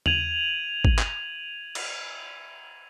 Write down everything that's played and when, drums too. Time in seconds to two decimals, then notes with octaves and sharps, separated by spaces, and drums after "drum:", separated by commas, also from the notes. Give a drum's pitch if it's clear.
0.06 G#6 D#7 F7 F#7, drum: tom E2
0.85 drum: kick
0.99 drum: clap
1.75 drum: cymbal